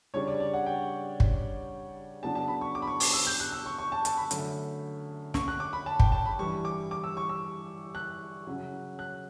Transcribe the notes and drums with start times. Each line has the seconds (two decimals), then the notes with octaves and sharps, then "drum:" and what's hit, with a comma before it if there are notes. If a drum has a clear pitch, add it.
0.14 C#3 G3 D4 C#5
0.28 D5
0.40 D5
0.54 F#5
0.66 G5
1.20 drum: kick
2.22 C#3 F#3 B3 D4 A5
2.35 A5
2.48 B5
2.61 C#6
2.75 D6
2.82 B5
2.87 C#6
3.00 D6, drum: open hi-hat
3.13 E6
3.27 G6
3.40 F#6
3.52 E6
3.66 C#6
3.78 C#6
3.92 A5
4.05 A5, drum: hi-hat
4.17 B5
4.31 F#2 D3 A3, drum: hi-hat
5.34 C#6, drum: snare
5.48 F#6
5.60 D6
5.73 B5
5.86 A5
6.00 G5, drum: kick
6.12 A5
6.25 B5
6.39 G2 E3 G3 C#6
6.65 D6
6.91 D6
7.04 E6
7.17 C#6
7.29 E6
7.95 F#6
8.47 F#2 C#3 F#3 C#4
8.99 F#6